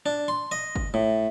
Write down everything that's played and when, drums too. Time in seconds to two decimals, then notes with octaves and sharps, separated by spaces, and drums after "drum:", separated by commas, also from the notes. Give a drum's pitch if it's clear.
0.06 D4
0.28 C6
0.52 D#5
0.76 drum: kick G1
0.94 A2